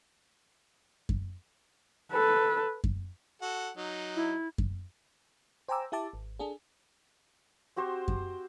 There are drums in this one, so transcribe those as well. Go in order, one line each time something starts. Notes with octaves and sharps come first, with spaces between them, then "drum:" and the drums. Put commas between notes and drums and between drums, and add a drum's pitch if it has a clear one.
drum: kick F#2
A4 B4
drum: kick F#2
F#4 A4 F#5
F#3 D#4
E4
drum: kick F#2
C5 G5 G#5 A#5 D6 E6
E4 G4 E5 A5 D6
G#1
D4 G#4 A4
C4 F#4 G4 C5
drum: kick F#2